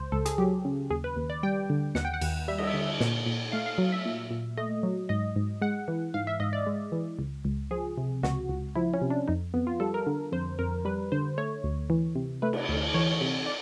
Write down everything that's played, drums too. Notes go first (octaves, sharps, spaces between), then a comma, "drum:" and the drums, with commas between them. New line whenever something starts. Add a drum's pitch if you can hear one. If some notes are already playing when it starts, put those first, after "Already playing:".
Already playing: C#2 C5
C#2 A4
G#4, drum: hi-hat
F#3 G4
C#3
D#2 G#4
B4
D#2
D5
G3 G5
D3
D#2 F#5, drum: snare
G5
F#5
D#2, drum: cymbal
G3 E5
D#5, drum: cymbal
E5
D3
A#2, drum: snare
A#2
A3 F5
F5
F#3
E5
A#2
A#2
A3 D#5
F#3
G#2 D#5
G#2
G#3 F#5
E3
G#2 F5
E5
G#2 D#5
D5
G#3
E3
C#2
C#2
F3 G#4
C3
C#2 F#4, drum: snare
C#2
F3 E4
C#4
C3
D4
F2 D#4
F2 B3
F4
G3 A4
A#4
D3
F2 C5
F2 A#4
G3 B4
D3 C5
A3 C#5
D2
E3
C3
A3 B4
drum: cymbal
D2
E3 C#5
C3
D5